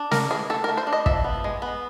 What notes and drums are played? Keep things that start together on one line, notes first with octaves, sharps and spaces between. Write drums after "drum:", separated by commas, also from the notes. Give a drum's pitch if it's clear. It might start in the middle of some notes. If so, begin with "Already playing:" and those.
Already playing: D4
A3 A#4, drum: snare
E3 G#4
A3 A4
A#4
A3
C5
D4
D#5
F3 E5, drum: kick
B3
G#3
B3